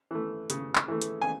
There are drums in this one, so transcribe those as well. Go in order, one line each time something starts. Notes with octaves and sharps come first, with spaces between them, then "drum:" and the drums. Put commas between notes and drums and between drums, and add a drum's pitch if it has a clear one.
E3 A3
C#3, drum: hi-hat
drum: clap
E3 A3
drum: hi-hat
G#5